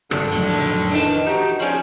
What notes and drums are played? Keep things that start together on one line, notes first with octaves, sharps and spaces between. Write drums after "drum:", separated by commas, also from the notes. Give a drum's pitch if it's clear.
C#2 G2 D3 D#3 D4, drum: rim click
F2 A2 F#3
drum: open hi-hat
D#3 E3 D4 D#5 A5
D#4 F#4 G4
F3 C#4 G#4 D5